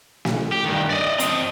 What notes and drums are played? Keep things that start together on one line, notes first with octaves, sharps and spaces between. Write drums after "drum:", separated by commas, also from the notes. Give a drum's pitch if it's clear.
drum: snare
G4
G2 D#3
D5 D#5
C4 D#5, drum: hi-hat